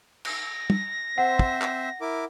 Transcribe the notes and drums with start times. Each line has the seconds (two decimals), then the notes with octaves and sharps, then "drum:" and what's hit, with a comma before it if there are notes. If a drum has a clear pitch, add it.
0.25 A#6, drum: cymbal
0.70 drum: tom
1.18 C4 C5 E5 F#5
1.39 drum: kick
1.62 drum: clap
2.01 E4 A#4 D6